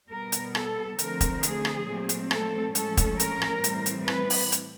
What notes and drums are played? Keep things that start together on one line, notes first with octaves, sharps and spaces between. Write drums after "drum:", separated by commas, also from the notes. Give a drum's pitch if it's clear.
B2 G3 B3 A#4
drum: hi-hat
A4, drum: rim click
D3 F3 A3 C4 A#4, drum: hi-hat
drum: kick, hi-hat
G#4, drum: hi-hat
drum: rim click
A#2 F#3 A3 C4
drum: hi-hat
A4, drum: rim click
A2 F3 G#3 C#4 A4, drum: hi-hat
drum: kick, hi-hat
A#4, drum: hi-hat
drum: rim click
A2 E3 G3 C4, drum: hi-hat
drum: hi-hat
B4, drum: rim click
drum: open hi-hat
drum: hi-hat